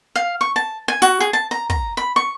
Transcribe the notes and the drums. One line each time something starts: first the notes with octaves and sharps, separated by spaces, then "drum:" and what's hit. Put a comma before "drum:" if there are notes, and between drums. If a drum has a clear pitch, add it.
F5
C#6
A5
G#5
F#4, drum: open hi-hat
G#4
A5
A#5
A#5, drum: kick
B5
C#6